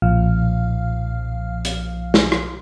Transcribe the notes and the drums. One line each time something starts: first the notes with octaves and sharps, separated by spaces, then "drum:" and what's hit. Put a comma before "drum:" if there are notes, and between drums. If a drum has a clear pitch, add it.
B1 A#2 F3 F5 F6
drum: hi-hat
drum: snare
drum: rim click